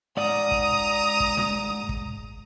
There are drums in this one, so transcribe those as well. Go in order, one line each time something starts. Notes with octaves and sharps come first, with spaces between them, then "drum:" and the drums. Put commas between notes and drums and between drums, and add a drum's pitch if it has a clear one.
G#2 D5 A#5 D#6
drum: kick
drum: kick
drum: snare
drum: kick